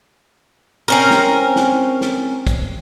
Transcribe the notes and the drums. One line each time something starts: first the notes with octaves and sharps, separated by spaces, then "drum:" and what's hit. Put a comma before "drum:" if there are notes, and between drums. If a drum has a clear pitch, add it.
C4 C#4 A#4
drum: snare
drum: snare
drum: snare
drum: kick, hi-hat